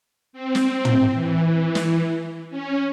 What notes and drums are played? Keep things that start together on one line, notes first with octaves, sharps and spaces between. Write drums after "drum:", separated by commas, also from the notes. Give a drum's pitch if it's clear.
C4
drum: snare
drum: tom
E3
drum: snare
C#4